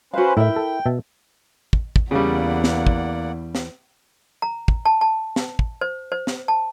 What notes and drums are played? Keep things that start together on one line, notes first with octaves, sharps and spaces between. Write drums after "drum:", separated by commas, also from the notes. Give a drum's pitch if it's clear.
C#4 F#4 B4 C5 F5
A2 E4 A#4 E5 G5
A4
B2 E5 A5
drum: kick
drum: kick
E2 C#3 G3 A#3 D5 F#5
drum: snare
drum: kick
drum: snare
A#5
drum: kick
A5
A5
drum: snare
drum: kick
C5
C5
drum: snare
A5